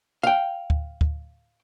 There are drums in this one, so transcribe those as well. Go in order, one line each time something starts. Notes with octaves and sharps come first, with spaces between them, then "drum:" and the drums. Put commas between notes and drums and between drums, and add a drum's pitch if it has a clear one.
F5 G5
drum: kick D2
drum: kick D2